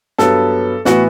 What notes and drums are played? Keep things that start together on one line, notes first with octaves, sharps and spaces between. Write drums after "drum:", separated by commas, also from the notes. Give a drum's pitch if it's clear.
G2 F#3 B3 A4, drum: snare
A2 E3 B3 F#4, drum: snare